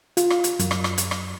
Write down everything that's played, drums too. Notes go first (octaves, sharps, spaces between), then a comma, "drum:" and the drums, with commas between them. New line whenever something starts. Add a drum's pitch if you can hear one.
F4, drum: hi-hat
drum: rim click
drum: hi-hat
F#2, drum: hi-hat
drum: rim click
drum: rim click
drum: hi-hat
drum: rim click